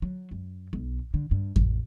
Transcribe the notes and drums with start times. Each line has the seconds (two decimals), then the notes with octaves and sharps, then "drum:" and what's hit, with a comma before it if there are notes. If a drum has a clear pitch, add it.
0.02 F#3
0.31 F#2
0.73 B1
1.14 D3
1.31 G2
1.56 A1, drum: kick F2